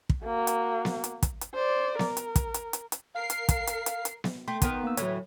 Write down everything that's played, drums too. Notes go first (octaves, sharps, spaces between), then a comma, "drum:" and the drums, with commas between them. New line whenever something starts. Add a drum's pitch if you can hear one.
drum: kick
A#3 F#4
drum: hi-hat
drum: snare B3
drum: hi-hat
drum: kick, hi-hat
drum: hi-hat
C5 D5
A#4, drum: snare B3
drum: hi-hat
drum: kick, hi-hat
drum: hi-hat
drum: hi-hat
drum: hi-hat
A#4 F5 C7
drum: hi-hat
drum: kick, hi-hat
drum: hi-hat
drum: hi-hat
drum: hi-hat
drum: snare B3
A3 G5 C6
D#3 B3 A#4, drum: kick, hi-hat
A#3 E6
D2 A2 E3 F#3 C#5, drum: hi-hat